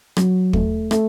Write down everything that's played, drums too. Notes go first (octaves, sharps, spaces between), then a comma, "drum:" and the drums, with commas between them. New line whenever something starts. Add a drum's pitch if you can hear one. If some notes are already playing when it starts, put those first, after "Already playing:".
F#3, drum: rim click
A3, drum: kick
A3, drum: rim click